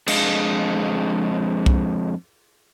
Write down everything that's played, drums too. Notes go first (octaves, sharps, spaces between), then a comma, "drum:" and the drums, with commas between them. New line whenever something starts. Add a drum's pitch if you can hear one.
F2 G#3 D4 G#4 D#5 F5, drum: cymbal
drum: kick